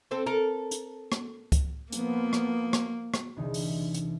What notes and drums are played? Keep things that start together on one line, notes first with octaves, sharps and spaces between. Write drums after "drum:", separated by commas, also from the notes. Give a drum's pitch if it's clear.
C4 A4 C5
A4 A#4
drum: hi-hat
drum: rim click
drum: kick C#2, hi-hat
F3 A#3 B3, drum: hi-hat
drum: rim click
drum: rim click
drum: rim click
E1 C2 D3 E3 D#4
drum: open hi-hat
drum: hi-hat